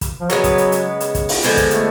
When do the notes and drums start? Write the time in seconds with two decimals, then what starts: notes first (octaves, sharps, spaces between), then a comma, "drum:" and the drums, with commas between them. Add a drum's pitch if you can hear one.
0.01 drum: kick, hi-hat
0.21 F3
0.30 C#3 F#3 G#3 B3, drum: hi-hat
0.44 drum: kick, hi-hat
0.58 drum: hi-hat
0.72 drum: hi-hat
1.00 drum: hi-hat
1.15 drum: kick, hi-hat
1.29 drum: open hi-hat
1.43 D3 F3 G#3 B3, drum: hi-hat
1.57 drum: kick, hi-hat
1.71 A3, drum: hi-hat